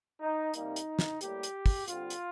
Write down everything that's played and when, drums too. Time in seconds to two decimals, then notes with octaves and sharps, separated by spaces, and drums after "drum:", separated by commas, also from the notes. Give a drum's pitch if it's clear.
0.20 D#4
0.54 C3 G3 A#3 D#4, drum: hi-hat
0.76 drum: hi-hat
0.99 drum: snare
1.21 A2 G3 A#3 G4, drum: hi-hat
1.43 drum: hi-hat
1.66 drum: kick, open hi-hat
1.88 D3 G3 C4 F4, drum: hi-hat
2.10 drum: hi-hat